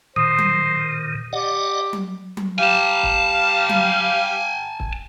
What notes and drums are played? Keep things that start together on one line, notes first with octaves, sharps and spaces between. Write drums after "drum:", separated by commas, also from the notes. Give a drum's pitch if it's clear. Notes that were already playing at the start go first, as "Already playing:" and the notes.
A#2 D#3 C5 D#6
drum: tom F#3
G4 D5 D#5 F#5
drum: tom F#3
drum: tom F#3
G3 G4 F5 G#5 A5
drum: kick
drum: tom F#3
drum: kick